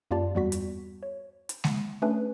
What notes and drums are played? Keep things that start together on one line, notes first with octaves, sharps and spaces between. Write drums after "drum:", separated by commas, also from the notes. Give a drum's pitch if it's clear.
F#2 A#3 F4 G4 D5 A5
E2 G2 G3 B3 F#4 B6
drum: hi-hat
C#5
drum: hi-hat
drum: snare G#3
A3 C#4 D4 G#4 B4